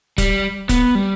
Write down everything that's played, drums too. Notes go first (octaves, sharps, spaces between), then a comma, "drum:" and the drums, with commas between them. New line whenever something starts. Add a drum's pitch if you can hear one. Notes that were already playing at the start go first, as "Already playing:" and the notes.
G3, drum: kick, hi-hat
B3, drum: kick, hi-hat
G3